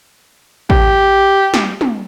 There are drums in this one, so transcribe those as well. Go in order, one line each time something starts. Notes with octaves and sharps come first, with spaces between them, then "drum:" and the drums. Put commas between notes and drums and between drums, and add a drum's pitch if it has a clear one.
G4, drum: kick A1
drum: snare
drum: tom